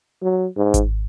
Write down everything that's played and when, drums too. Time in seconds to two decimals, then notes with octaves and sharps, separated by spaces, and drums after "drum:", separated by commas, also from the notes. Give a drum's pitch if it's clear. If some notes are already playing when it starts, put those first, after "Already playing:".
0.22 F#3
0.57 G#2
0.74 drum: kick G#1, hi-hat